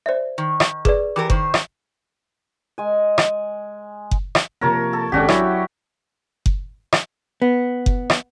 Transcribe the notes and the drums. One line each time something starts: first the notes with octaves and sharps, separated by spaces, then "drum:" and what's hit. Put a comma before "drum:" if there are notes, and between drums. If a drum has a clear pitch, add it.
C5 D5 E5
D#3
drum: rim click
G#4 B4 D5, drum: kick F#1
E3 G4 A#4 D6
D#3 C5, drum: kick F#1
drum: rim click
G#3 G#5
drum: rim click
drum: kick F#1
drum: rim click
C3 F3 A#3 A#4 C#5 A5
A4
G#1 C#4 D4 F#4 G4 A4
F#3 C#4 E4, drum: rim click
drum: kick F#1
drum: rim click
B3
drum: kick F#1
drum: rim click